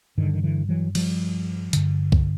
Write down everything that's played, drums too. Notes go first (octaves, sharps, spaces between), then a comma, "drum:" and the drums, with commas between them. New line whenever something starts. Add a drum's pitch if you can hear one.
G2 D3 D#3
D#3
D3 E3
E3 F#3
F3 G3, drum: cymbal
G2 D3, drum: hi-hat
drum: kick B1